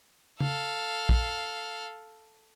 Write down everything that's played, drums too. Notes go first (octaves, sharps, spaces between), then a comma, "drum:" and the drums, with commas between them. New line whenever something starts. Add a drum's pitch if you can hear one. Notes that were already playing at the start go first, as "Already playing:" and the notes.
A4 F5, drum: tom C#3
drum: kick